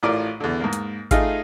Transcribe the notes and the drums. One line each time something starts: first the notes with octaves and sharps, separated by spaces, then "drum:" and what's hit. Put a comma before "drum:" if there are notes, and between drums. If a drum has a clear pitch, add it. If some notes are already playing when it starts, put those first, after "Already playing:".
A1 A2 F4 A#4 D5
E2 D3
G#2 A#3
drum: hi-hat
A3 D#4 F4 G#4 F5, drum: kick G#1, hi-hat